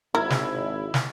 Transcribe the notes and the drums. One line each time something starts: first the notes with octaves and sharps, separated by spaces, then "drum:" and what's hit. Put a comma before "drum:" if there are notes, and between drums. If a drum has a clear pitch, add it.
G#1 E4 A#4 G#6
drum: snare
drum: snare